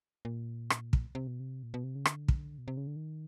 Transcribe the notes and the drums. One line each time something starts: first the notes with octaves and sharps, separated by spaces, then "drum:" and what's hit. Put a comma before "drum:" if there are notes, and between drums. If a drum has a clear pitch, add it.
A#2
drum: rim click
drum: kick
C3
B2
C3
A#2
B2
C3
C#3
D3, drum: rim click
drum: kick
B2
C3
C#3
D3
D#3